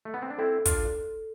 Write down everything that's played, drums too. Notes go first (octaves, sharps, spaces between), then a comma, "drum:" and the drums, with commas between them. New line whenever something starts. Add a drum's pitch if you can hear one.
A3
B3
C4
D4
C4 E4 A4
D4 F4, drum: kick, hi-hat
A4